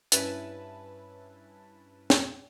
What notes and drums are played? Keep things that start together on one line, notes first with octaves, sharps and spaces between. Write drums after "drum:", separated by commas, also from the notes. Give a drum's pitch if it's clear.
G2 C#4 E4 B4 A5, drum: hi-hat
drum: snare